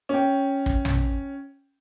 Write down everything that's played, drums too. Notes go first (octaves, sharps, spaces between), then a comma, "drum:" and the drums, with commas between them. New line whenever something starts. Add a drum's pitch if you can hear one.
C#4 G5
drum: kick
drum: tom